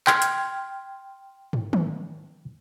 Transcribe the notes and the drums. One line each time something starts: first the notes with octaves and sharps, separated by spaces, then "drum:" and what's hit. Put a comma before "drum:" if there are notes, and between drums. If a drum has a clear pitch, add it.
G5 C6 F6 G#6, drum: clap
drum: hi-hat
drum: tom
drum: tom D#3